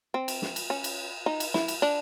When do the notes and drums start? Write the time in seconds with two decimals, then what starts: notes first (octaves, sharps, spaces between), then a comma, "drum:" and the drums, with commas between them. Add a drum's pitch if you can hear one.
0.14 C4
0.28 drum: cymbal
0.42 drum: snare
0.56 drum: cymbal
0.70 C#4
0.84 drum: cymbal
1.26 D#4
1.40 drum: cymbal
1.54 E4, drum: snare
1.68 drum: cymbal
1.82 D4